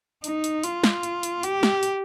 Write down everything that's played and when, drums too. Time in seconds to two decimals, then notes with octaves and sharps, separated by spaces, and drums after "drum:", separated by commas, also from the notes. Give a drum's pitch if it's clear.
0.24 D#4, drum: hi-hat
0.44 drum: hi-hat
0.63 F4, drum: hi-hat
0.84 drum: snare
1.03 drum: hi-hat
1.23 drum: hi-hat
1.43 G4, drum: hi-hat
1.63 drum: snare
1.83 drum: hi-hat